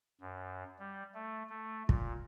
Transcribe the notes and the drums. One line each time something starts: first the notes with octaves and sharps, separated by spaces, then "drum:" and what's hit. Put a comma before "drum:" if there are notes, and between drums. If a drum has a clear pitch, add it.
F#2
G3
A3
A3
A#2, drum: kick